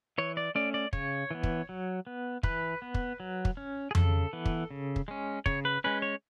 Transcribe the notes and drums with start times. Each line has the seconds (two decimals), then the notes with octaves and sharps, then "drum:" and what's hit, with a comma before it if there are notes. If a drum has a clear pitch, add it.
0.18 E3 C#5
0.37 D5
0.55 A3 C#4 D5
0.74 D5
0.93 C#3 C#5, drum: kick
1.31 E3 B3
1.43 drum: kick
1.69 F#3
2.07 B3
2.43 E3 B4, drum: kick
2.82 B3
2.94 drum: kick
3.20 F#3
3.45 drum: kick
3.57 C#4
3.91 G#4
3.95 C#3 A4, drum: tom F2
4.33 E3 B3
4.45 drum: kick
4.71 C#3
4.96 drum: kick
5.08 G#3 C#4
5.46 C#3 C#5, drum: kick
5.65 B4
5.84 G#3 C#4 B4
6.02 C#5